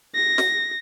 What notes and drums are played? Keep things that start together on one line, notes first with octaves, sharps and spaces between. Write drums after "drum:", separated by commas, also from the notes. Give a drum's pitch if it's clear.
A#6
drum: snare